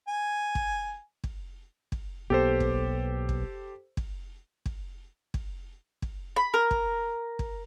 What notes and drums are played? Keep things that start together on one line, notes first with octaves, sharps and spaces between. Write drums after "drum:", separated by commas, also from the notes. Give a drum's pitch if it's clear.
G#5
drum: kick
drum: kick
drum: kick
B1 A#3 B3 G4 A4 C5
drum: kick
drum: kick
drum: kick
drum: kick
drum: kick
drum: kick
B5
A#4
drum: kick
drum: kick